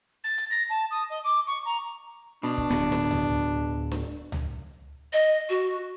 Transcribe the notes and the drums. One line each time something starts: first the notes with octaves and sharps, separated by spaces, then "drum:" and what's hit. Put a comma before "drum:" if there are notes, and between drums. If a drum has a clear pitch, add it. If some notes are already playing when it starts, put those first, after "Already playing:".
A6
drum: hi-hat
A#6
A5
D#6
D#5
D6
C#6
A#5
B2 D4
drum: kick
D1 B3
drum: snare D4
drum: tom C#2
drum: snare D4
drum: tom C#2
D#5
F#4